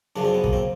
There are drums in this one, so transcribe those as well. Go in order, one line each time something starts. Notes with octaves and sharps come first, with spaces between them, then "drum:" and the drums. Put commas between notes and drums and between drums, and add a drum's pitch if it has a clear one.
F#2 C#3 F3 D4
C4
B3
A#3, drum: kick
C4